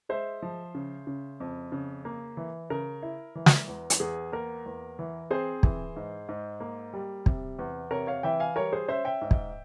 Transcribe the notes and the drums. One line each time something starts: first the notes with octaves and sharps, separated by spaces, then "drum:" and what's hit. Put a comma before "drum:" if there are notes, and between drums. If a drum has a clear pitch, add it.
G#3 C5 E5
F3
C#3
C#3
F2
C#3
A#3
E3
C#3 A#4
E4
E3
drum: snare
E2
drum: hi-hat
E2 G#4
A#3 A#4
E2
E3
C4 G#4 C5
E3, drum: kick
G#2
G#2
A#3
G3
C3, drum: kick
E2
C3 A#4 C#5
C#5 F5
E3 E5 G5
F5 G#5
G3 A#4 C#5
G#4 C5
C#4 C5 E5
E5 G5
G#2
drum: kick